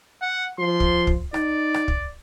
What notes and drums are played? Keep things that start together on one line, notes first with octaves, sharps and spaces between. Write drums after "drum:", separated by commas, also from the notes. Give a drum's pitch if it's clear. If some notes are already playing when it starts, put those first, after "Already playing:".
F#5
F3 C6
drum: kick
drum: kick
D#4 D5, drum: rim click
drum: rim click
drum: kick